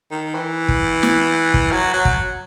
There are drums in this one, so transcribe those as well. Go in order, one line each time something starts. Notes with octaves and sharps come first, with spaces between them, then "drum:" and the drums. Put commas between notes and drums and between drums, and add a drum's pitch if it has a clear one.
D#3
E3
drum: kick
drum: snare
drum: kick
F#3
F#3
drum: kick